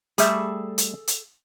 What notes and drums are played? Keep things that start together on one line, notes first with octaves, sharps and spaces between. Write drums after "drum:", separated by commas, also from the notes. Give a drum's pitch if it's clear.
G3 A3 G#4 A4 E5, drum: hi-hat
drum: hi-hat
drum: hi-hat